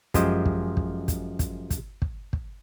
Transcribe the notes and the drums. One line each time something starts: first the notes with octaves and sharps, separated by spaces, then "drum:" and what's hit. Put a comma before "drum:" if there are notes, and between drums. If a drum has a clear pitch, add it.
F#2 F3 G#3 G4 C5 D#5, drum: kick, hi-hat
drum: kick
drum: kick
drum: kick, hi-hat
drum: kick, hi-hat
drum: kick, hi-hat
drum: kick
drum: kick